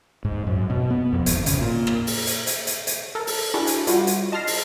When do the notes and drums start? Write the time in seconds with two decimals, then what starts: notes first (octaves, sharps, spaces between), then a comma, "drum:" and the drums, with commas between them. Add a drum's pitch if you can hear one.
0.25 G#2
0.47 F#2
0.70 B2
0.90 B3
1.13 F2
1.26 G#1, drum: hi-hat
1.46 C#3, drum: hi-hat
1.60 A#2
1.87 drum: rim click
2.07 drum: open hi-hat
2.27 drum: hi-hat
2.47 drum: hi-hat
2.67 drum: hi-hat
2.87 drum: hi-hat
3.15 A4 A#4
3.27 drum: open hi-hat
3.54 D4 E4 F#4 G#4
3.67 drum: hi-hat
3.87 G3 F4 F#4, drum: hi-hat
4.07 drum: hi-hat
4.32 D#5 A5 C6 F6 A#6 C7
4.47 drum: open hi-hat